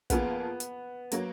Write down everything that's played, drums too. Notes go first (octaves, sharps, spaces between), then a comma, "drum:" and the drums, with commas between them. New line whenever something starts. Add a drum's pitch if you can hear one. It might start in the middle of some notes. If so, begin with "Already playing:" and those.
F2 F3 A#3 B3 F4 G#4, drum: kick, hi-hat
drum: hi-hat
F#3 A#3, drum: hi-hat